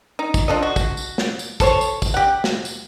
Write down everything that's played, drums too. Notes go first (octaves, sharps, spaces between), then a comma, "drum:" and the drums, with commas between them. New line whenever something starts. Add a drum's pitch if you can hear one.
D#4
drum: kick, tambourine
F3 D4 A4 D#5
F#4
drum: kick, tambourine
drum: tambourine
drum: snare
drum: tambourine
A4 C5 C#5, drum: kick, tambourine
drum: tambourine
drum: kick, tambourine
G4 F#5
drum: snare
drum: tambourine